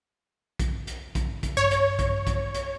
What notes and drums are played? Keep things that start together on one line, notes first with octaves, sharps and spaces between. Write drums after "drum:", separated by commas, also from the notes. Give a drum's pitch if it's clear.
drum: kick A#1, hi-hat
drum: hi-hat
drum: kick A#1, hi-hat
drum: kick A#1, hi-hat
G2 C#5
drum: hi-hat
drum: kick A#1, hi-hat
drum: kick A#1, hi-hat
drum: hi-hat